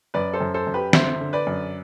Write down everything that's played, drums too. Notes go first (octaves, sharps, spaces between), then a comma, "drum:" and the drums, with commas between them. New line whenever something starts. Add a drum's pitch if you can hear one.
F#2 B4 D5
A4 C5
F#2
A4 C5
F#2
G4 B4
D3 C5 E5, drum: snare
D3
B4 D5
F#2